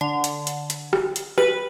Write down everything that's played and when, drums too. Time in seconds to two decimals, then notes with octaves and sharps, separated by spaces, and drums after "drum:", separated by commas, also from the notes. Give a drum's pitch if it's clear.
0.01 D3
0.24 drum: hi-hat
0.47 drum: hi-hat
0.70 drum: hi-hat
0.93 drum: rim click
1.16 drum: hi-hat
1.38 B4, drum: rim click